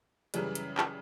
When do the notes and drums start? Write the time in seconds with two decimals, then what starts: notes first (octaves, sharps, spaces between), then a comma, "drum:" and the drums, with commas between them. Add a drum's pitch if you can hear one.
0.34 F#2 C#3 E3 G3, drum: hi-hat
0.55 drum: hi-hat
0.77 drum: clap